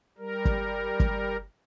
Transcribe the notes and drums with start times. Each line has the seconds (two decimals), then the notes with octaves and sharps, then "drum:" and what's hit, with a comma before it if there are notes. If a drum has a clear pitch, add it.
0.18 G3 A#4
0.45 drum: kick
1.00 drum: kick